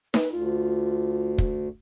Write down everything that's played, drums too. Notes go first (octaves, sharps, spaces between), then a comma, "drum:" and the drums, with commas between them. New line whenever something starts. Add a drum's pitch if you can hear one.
B4, drum: snare D#4
D2 F4
drum: kick